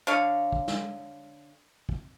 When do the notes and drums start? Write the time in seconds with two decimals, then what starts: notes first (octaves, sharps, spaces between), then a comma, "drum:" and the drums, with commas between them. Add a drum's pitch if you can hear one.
0.07 D3 C#5 F5
0.52 drum: kick
0.68 drum: snare
1.89 drum: kick